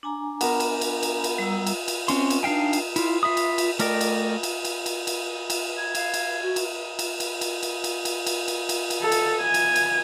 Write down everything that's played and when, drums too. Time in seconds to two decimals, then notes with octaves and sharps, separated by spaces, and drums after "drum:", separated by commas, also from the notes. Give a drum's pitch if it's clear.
0.03 D4 G#5 A#5
0.41 B3 A#4, drum: cymbal
0.60 drum: cymbal
0.81 drum: cymbal
1.03 drum: cymbal
1.24 drum: cymbal
1.38 G3 A#5 E6
1.67 drum: cymbal
1.88 drum: cymbal
2.08 C4 C#4 C6, drum: cymbal
2.30 drum: cymbal
2.43 D4 D#4 F5 G5 G#5
2.73 drum: cymbal
2.96 E4 F4, drum: cymbal
3.23 F4 E5 B5 D#6
3.37 drum: cymbal
3.58 drum: cymbal
3.79 A3 A#4 D5 D#5 G5, drum: cymbal
4.01 drum: cymbal
4.43 drum: cymbal
4.65 drum: cymbal
4.86 drum: cymbal
5.07 drum: cymbal
5.50 drum: cymbal
5.77 G#6
5.95 F5, drum: cymbal
6.14 drum: cymbal
6.43 F#4
6.56 drum: cymbal
6.99 drum: cymbal
7.20 drum: cymbal
7.41 drum: cymbal
7.63 drum: cymbal
7.84 drum: cymbal
8.05 drum: cymbal
8.27 drum: cymbal
8.48 drum: cymbal
8.69 drum: cymbal
8.90 drum: cymbal
9.02 A4
9.12 drum: cymbal
9.42 G#5
9.54 drum: cymbal
9.76 drum: cymbal